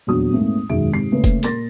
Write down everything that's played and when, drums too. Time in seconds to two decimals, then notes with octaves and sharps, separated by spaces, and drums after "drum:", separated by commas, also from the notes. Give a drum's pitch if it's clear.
0.07 D#1 E2 A#2 F#3 D4 D#6
0.32 G#2 A3 A#3 C4
0.70 E1 F#2 D#3 G#3 E5 D7
0.92 G#2 C3 C7
1.12 C#3 A3 A#3 C#4 B4
1.24 drum: kick, hi-hat
1.43 A#2 A#4 C6 A6 A#6, drum: hi-hat